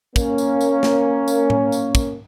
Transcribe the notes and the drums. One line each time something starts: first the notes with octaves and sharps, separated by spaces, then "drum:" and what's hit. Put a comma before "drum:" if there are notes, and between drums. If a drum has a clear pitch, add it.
A#3 C#4, drum: kick, tambourine
drum: tambourine
drum: tambourine
drum: snare
drum: tambourine
drum: tom A2
drum: tambourine
drum: kick, tambourine